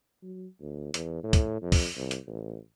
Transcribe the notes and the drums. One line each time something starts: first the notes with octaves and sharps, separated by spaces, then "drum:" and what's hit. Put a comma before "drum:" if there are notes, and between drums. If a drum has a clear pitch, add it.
F#3
D2
E2, drum: hi-hat
A2
drum: kick, hi-hat
F2
drum: kick, open hi-hat
C2
drum: hi-hat
A1